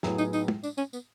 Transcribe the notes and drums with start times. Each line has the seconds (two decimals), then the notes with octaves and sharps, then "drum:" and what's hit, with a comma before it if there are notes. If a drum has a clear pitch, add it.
0.03 A2 F#3 B3 E4 G#4, drum: snare
0.18 D#4, drum: tambourine
0.33 D#4, drum: tambourine
0.48 drum: tom
0.63 D4, drum: tambourine
0.78 C#4, drum: tambourine
0.93 B3, drum: tambourine